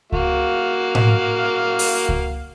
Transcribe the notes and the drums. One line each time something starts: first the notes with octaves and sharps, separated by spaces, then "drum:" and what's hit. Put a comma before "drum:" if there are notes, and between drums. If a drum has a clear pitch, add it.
A#3 F#4 F5, drum: kick C#2
drum: tom A2
drum: open hi-hat
drum: kick C#2